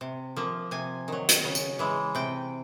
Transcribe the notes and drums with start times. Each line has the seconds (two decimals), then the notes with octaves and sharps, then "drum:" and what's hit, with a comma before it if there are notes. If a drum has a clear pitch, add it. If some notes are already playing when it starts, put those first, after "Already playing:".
0.01 C3
0.36 F3 A#3
0.71 C3 G#5
1.08 D#3 F#3
1.29 drum: hi-hat
1.44 C#3
1.55 drum: tambourine
1.79 E3 G#3
2.15 C3 G5